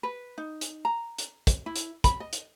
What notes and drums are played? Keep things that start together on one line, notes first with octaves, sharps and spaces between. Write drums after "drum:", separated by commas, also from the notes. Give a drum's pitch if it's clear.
B4
D#4
drum: hi-hat
A#5
drum: hi-hat
drum: kick, hi-hat
E4
drum: hi-hat
B5, drum: kick, hi-hat
D#5
drum: hi-hat